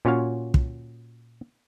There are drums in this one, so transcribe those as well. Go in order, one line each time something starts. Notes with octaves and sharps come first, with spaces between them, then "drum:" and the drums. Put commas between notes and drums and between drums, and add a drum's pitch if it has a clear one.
A#2 C#4 F4 F#4 C#5 F5
drum: kick